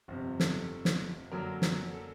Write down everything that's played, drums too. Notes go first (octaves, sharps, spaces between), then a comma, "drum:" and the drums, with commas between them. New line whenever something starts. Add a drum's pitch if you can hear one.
G1 F2 C3
A4, drum: snare
drum: snare
F#2 D3 F#3 A#3 A#4
drum: snare
A4